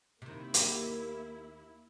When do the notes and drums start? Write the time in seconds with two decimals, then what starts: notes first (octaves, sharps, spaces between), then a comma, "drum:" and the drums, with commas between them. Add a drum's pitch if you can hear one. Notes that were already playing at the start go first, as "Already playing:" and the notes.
0.22 C3 D#3 A#3 E4
0.54 D#2 G4 A#4, drum: hi-hat